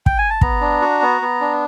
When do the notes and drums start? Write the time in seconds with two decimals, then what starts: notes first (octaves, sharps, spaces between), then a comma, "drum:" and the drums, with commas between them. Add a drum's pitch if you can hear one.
0.06 G5, drum: kick
0.18 G#5
0.30 A5
0.41 B3 A#5, drum: kick
0.61 D4
0.81 F#4
1.02 B3
1.22 B3
1.41 D4